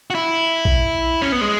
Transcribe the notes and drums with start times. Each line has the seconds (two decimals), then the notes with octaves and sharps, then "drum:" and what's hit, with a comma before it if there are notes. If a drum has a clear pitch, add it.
0.10 F#4
0.15 E4
0.65 drum: kick
1.22 C#4
1.32 B3
1.41 G#3